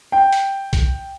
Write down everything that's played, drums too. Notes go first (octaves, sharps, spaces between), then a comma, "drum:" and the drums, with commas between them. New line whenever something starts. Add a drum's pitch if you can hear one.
G5
drum: hi-hat
drum: kick B1, hi-hat